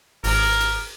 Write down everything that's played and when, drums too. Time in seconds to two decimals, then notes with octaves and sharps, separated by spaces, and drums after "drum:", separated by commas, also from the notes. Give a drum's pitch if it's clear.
0.24 G#1 A#4, drum: open hi-hat
0.60 drum: hi-hat